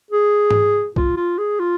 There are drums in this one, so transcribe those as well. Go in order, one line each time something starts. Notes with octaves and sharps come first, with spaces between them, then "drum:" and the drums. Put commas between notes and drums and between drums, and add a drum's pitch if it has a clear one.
G#4
drum: tom G#2
F4, drum: kick
F4
G#4
F4